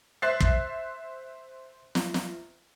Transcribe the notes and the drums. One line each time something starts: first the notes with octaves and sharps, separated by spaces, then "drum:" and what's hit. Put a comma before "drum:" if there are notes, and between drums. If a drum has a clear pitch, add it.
C5 E5 F#6 A6 C7
drum: kick
drum: snare
drum: snare